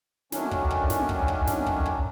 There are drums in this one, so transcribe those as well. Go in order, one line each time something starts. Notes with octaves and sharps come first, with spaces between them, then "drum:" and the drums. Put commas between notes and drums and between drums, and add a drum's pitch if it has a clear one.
D#3 F#3 A3 C#4 D4, drum: snare
drum: kick
drum: kick
drum: snare
drum: kick
drum: kick
drum: snare
drum: kick
drum: kick